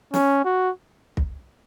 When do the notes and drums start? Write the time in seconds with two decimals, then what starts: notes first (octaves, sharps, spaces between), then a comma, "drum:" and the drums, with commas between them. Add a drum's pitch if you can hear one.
0.14 C#4, drum: snare
0.45 F#4
1.17 drum: kick